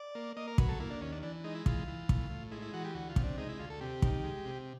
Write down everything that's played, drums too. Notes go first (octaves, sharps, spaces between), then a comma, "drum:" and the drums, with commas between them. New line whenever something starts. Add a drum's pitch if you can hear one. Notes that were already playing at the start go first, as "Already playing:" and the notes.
Already playing: D5
A#3
A#3 D#5
A#4
F#3 B4, drum: kick
A4
A#3 E4
D4
D#2 C#4
D4
E3 D4
G#3 D#4
E4
E3 F4, drum: kick
E3
A2, drum: kick
A2
G#3 E4
E4
E3 F#4
G4
D2 F#4
F4
C3, drum: kick
D4
G#3 D#4
E4
D2 F4
A4
C3 G4
D#3, drum: kick
G#3
C3